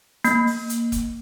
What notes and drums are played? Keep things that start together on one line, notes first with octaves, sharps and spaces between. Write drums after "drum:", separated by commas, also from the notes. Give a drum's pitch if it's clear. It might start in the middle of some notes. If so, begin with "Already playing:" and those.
A#3, drum: hi-hat
drum: open hi-hat
drum: hi-hat
drum: kick F1, hi-hat